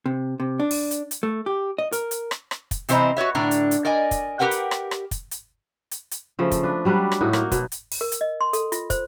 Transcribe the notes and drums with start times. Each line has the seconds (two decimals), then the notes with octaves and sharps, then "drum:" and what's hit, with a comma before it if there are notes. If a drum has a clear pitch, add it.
0.06 C3
0.40 C3
0.60 D4
0.71 drum: open hi-hat
0.91 drum: hi-hat
1.11 drum: hi-hat
1.23 A3
1.46 G4
1.78 D#5
1.92 A#4, drum: hi-hat
2.11 drum: hi-hat
2.31 drum: rim click
2.51 drum: rim click
2.71 drum: kick, hi-hat
2.89 C3 E3 C4 C5 D#5 A#5, drum: hi-hat
3.17 F#4 B4 C#5 E5
3.35 A2 D3 D4 A#5
3.51 drum: hi-hat
3.71 drum: hi-hat
3.85 A#4 D5 D#5 G#5
4.11 drum: kick, hi-hat
4.39 G4 A#4 B4 F#5 G5
4.51 drum: hi-hat
4.71 drum: rim click
4.91 drum: rim click
5.11 drum: kick, hi-hat
5.31 drum: hi-hat
5.91 drum: hi-hat
6.11 drum: hi-hat
6.39 C#3 F3 A3
6.51 drum: kick, hi-hat
6.63 D4 B4
6.85 F#3 G3 D4 B4
7.12 drum: rim click
7.21 A2 D#4 F#4
7.33 A#3, drum: rim click
7.52 B2, drum: kick, hi-hat
7.72 drum: hi-hat
7.92 drum: open hi-hat
8.01 A#4
8.12 drum: hi-hat
8.21 D#5
8.41 C6
8.53 A4, drum: hi-hat
8.72 F4, drum: hi-hat
8.90 C5, drum: kick, hi-hat